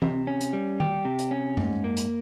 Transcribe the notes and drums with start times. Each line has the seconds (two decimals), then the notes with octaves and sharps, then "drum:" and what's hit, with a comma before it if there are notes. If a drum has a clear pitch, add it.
0.02 C3, drum: tom E3
0.27 C#4
0.40 drum: hi-hat
0.53 G3
0.80 G4, drum: tom D#3
1.05 C3
1.18 drum: hi-hat
1.31 C#4
1.57 G#2, drum: tom F#2
1.84 A#3
1.97 drum: hi-hat